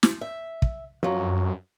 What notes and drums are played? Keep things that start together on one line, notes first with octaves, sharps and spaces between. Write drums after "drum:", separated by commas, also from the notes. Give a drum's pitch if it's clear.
drum: snare
E5
drum: kick
F#2 F3 F#3